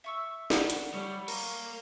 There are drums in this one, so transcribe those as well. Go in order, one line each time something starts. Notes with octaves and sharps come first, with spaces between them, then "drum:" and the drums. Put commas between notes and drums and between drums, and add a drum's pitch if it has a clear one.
E5 C#6 E6
D5 F#5, drum: snare
drum: hi-hat
G3 A3 C#5
A#3 A#4, drum: cymbal